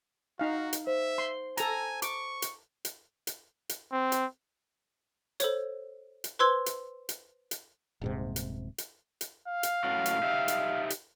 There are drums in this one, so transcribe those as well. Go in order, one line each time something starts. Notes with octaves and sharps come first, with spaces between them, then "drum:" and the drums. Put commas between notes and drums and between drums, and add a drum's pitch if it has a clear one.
D#4 F#4 F5
drum: hi-hat
C5 E5
C6
A4 G#5 A#5, drum: hi-hat
C#6 D6, drum: hi-hat
drum: hi-hat
drum: hi-hat
drum: hi-hat
drum: hi-hat
C4
drum: hi-hat
A4 C5 C#5, drum: hi-hat
drum: hi-hat
B4 C5 C6 E6 G#6 G7
drum: hi-hat
drum: hi-hat
drum: hi-hat
D#1 G#2 C3
drum: hi-hat
drum: hi-hat
drum: hi-hat
F5
drum: hi-hat
A2 C#4 F#4
drum: hi-hat
D#4 G4 E5
drum: hi-hat
drum: hi-hat